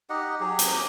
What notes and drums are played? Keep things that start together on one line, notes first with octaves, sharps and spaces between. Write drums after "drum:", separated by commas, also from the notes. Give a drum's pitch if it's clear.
D#4 G4 D#5 F#5
F#3 G4 G#4
drum: hi-hat